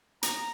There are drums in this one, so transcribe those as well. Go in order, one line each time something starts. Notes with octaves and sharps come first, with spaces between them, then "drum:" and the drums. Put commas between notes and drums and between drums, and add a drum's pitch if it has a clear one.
A#5, drum: hi-hat